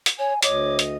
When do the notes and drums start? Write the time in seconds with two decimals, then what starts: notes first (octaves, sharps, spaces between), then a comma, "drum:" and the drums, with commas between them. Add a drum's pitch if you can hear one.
0.06 drum: hi-hat
0.19 C#5 G#5
0.42 D2 C#5 D#5 D6, drum: hi-hat
0.79 drum: hi-hat